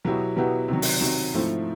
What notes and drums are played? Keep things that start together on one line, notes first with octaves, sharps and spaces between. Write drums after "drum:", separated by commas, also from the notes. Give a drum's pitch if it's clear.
B2 F#3 B3 E4 G4
B2 F#3 B3 E4 G4
C3 D#3 F#3
drum: open hi-hat
C3 D#3 F#3
G#2 F3 A3 C4 E4